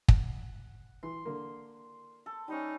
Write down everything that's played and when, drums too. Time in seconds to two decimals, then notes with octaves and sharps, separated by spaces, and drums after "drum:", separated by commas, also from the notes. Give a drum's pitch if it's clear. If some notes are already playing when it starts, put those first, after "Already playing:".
0.08 F#5, drum: kick
1.03 E3 C6
1.25 D3 A#3
2.26 A4
2.48 G3 C#4 D#4